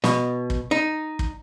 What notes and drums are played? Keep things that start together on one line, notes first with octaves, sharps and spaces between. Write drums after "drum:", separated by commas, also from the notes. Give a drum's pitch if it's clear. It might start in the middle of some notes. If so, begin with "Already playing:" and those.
B2, drum: snare
drum: kick
D#4
drum: kick